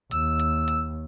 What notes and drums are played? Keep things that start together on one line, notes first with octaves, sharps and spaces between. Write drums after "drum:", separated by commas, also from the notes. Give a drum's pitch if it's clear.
D#2 E6, drum: hi-hat
drum: hi-hat
drum: hi-hat